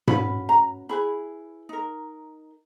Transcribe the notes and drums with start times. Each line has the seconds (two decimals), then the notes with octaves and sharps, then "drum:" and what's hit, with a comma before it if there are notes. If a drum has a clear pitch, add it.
0.08 C#4 F#4 B4 B5, drum: tom G#2
0.49 A#5
0.89 C#4 E4 G#4 B4 B5
1.69 D#4 A#4